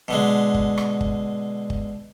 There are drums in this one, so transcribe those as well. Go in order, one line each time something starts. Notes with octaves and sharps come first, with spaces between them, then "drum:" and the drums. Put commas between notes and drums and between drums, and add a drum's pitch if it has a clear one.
B2 D3 G#3
drum: kick G1
drum: rim click
drum: kick G1
drum: kick G1